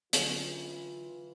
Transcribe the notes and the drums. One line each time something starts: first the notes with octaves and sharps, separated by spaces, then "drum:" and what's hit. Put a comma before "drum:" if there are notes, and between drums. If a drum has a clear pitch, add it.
D3 E3 F#3 C#4 F4, drum: hi-hat